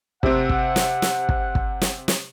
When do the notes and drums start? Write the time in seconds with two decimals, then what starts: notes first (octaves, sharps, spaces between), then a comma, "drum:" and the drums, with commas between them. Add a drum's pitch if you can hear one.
0.23 C3 C4 F#5, drum: kick
0.49 drum: kick
0.76 drum: snare
1.02 drum: snare
1.29 drum: kick
1.55 drum: kick
1.81 drum: snare
2.08 drum: snare